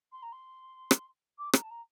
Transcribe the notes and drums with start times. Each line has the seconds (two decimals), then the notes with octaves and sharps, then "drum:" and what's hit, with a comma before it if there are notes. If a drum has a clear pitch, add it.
0.12 C6
0.22 A#5
0.32 C6
0.91 drum: rim click
1.38 D6
1.53 A#5, drum: rim click
1.62 A5
1.70 A#5